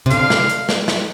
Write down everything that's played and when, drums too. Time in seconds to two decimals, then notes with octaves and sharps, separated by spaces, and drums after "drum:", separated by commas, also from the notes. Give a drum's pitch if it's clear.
0.06 C3
0.11 D3 F5, drum: hi-hat
0.30 drum: snare
0.49 drum: hi-hat
0.69 drum: snare
0.88 drum: snare